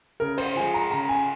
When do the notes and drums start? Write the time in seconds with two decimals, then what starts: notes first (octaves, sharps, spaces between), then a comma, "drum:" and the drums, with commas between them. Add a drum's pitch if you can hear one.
0.20 C#3 A#4
0.38 C5, drum: cymbal
0.56 F3 G#3 G#5
0.74 A#5
0.91 C#3 A#5
1.09 G#5